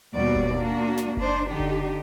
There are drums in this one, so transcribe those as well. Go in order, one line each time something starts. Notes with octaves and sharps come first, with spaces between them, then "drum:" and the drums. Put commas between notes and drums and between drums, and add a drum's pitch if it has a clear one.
D#2 B2 G3 B3 F#4 D5
drum: kick F#1
A#3 D4 F#4
drum: snare
D4 D#4 C5, drum: kick F#1
D3 D4 D#4 G4
drum: kick F#1